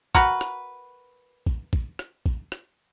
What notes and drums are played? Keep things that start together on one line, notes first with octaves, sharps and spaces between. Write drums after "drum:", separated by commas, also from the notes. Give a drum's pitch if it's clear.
F#4 A#4 B4, drum: kick
drum: rim click
drum: kick
drum: kick
drum: rim click
drum: kick
drum: rim click